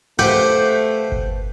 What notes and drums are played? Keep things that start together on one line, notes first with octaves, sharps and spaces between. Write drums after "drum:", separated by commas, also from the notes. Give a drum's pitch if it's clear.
A3 G4 B4 C5 F5 F#5 G6
drum: kick G1